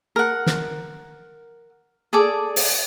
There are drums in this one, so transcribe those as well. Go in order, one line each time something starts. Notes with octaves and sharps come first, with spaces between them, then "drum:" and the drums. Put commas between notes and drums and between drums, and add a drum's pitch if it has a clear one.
A#4 F#5
drum: snare
G#4 A4 D5 D6
drum: open hi-hat